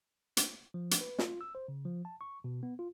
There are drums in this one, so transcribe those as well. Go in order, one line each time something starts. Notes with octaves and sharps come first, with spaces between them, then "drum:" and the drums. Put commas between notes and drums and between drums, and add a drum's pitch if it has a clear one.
drum: hi-hat
F3
drum: hi-hat
B4
F4, drum: snare
E6
C5
C#3
F3
A5
C#6
B2
B3
F4